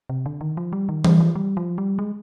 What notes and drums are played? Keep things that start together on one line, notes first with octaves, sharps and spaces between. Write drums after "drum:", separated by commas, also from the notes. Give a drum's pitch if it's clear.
C3
D3
D#3
F3
G3
D#3
G3, drum: tom E3
F3
G3
F3
G3
G#3